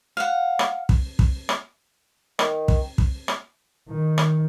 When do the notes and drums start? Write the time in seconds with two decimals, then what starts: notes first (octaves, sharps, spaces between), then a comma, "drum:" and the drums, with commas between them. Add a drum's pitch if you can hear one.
0.17 F5 F#5
0.59 drum: rim click
0.89 drum: kick
1.19 drum: kick
1.49 drum: rim click
2.39 D#3, drum: rim click
2.68 drum: kick
2.98 drum: kick
3.28 drum: rim click
3.88 D#3
4.18 drum: rim click